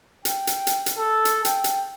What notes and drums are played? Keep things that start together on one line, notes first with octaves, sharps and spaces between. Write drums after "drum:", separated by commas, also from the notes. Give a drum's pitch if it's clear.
G5, drum: hi-hat
drum: hi-hat
drum: hi-hat
drum: hi-hat
A4
drum: hi-hat
G5, drum: hi-hat
drum: hi-hat